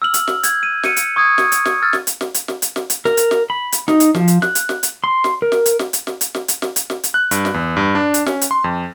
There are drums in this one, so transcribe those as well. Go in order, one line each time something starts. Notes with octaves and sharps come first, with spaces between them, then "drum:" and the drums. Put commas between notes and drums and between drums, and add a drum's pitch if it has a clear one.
E6 F6 F#7
drum: hi-hat
drum: snare
G6 G#6, drum: hi-hat
D#7
G6 C#7 D#7, drum: snare
drum: hi-hat
C#6 D#6 G#6
drum: snare
drum: hi-hat
drum: snare
E6 F6 A6
drum: snare
drum: hi-hat
drum: snare
drum: hi-hat
drum: snare
drum: hi-hat
drum: snare
drum: hi-hat
A#4, drum: snare
drum: hi-hat
drum: snare
B5
drum: hi-hat
D#4, drum: snare
drum: hi-hat
F3, drum: snare
drum: hi-hat
F#6, drum: snare
drum: hi-hat
drum: snare
drum: hi-hat
C6
drum: snare
A#4
drum: snare
drum: hi-hat
drum: snare
drum: hi-hat
drum: snare
drum: hi-hat
drum: snare
drum: hi-hat
drum: snare
drum: hi-hat
drum: snare
drum: hi-hat
F#6
G2, drum: hi-hat
drum: snare
E2
G2
D4
drum: hi-hat
C#4, drum: snare
drum: hi-hat
C6
F2